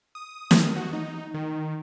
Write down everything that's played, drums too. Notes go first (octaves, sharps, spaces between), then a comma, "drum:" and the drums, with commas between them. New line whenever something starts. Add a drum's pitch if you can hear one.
D#6
drum: snare
F#4
D#4
D#3